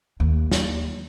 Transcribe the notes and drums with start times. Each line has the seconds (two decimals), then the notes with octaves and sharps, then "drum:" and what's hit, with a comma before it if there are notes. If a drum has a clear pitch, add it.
0.20 D#2
0.52 drum: snare